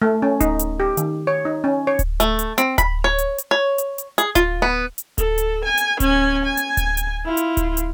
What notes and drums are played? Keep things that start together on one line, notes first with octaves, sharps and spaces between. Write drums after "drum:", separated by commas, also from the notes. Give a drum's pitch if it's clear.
A3
C#4
D#4, drum: kick D1, hi-hat
drum: hi-hat
G4
D#3, drum: hi-hat
C#5
D#4
C#4
C#5
drum: kick D1, hi-hat
A3, drum: hi-hat
drum: hi-hat
C4, drum: hi-hat
B5, drum: kick D1, hi-hat
C#5
drum: hi-hat
drum: hi-hat
C#5
drum: hi-hat
drum: hi-hat
G#4, drum: hi-hat
F4, drum: kick D1, hi-hat
B3
drum: hi-hat
A4, drum: kick D1, hi-hat
drum: hi-hat
G#5
drum: hi-hat
C#4 G#5, drum: kick D1, hi-hat
G#5
drum: hi-hat
drum: kick D1, hi-hat
drum: hi-hat
E4 F4
drum: hi-hat
drum: kick D1, hi-hat
drum: hi-hat